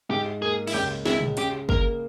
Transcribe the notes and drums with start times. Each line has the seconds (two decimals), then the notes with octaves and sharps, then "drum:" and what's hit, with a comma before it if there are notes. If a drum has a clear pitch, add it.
0.10 G#2 G4
0.42 A#3 G#4
0.67 E4, drum: cymbal
0.73 C#2 G4
1.05 G#3 E4, drum: snare
1.20 drum: tom
1.37 C#3 G4, drum: hi-hat
1.69 A#3 A#4, drum: kick